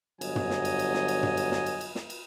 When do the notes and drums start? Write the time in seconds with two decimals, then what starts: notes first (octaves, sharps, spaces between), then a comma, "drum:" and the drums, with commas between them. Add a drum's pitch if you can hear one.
0.21 G1 F#3 D#5 G#5, drum: cymbal
0.36 drum: tom
0.50 drum: snare
0.65 drum: cymbal
0.79 drum: cymbal
0.94 drum: snare
1.08 drum: cymbal
1.23 drum: tom
1.37 drum: cymbal
1.52 drum: snare
1.66 drum: cymbal
1.81 drum: cymbal
1.95 drum: snare
2.10 drum: cymbal